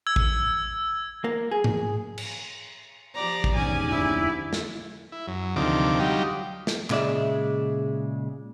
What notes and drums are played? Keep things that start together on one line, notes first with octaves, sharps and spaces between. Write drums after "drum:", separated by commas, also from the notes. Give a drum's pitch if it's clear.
E6 G#6
drum: kick
A#3
G#4
drum: tom G#2
drum: cymbal
F3 G4 D5 A#5
drum: kick
G#1 E2 G#2 B2 C#4 G4 D5 G#5
D1 F2 D4 E4
drum: snare
E4
F#2
D2 C3 D#3 F3 D6
F#3 G3 D#4 F4 G4
drum: snare
A#2 C#3 G#3 D5 E5, drum: clap